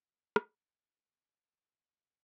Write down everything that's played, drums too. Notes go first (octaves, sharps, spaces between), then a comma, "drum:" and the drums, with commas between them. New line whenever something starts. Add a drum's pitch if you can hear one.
drum: rim click
C5
B4
C#5
C#5
D5
C#5
D5
E5
F5
E5
F5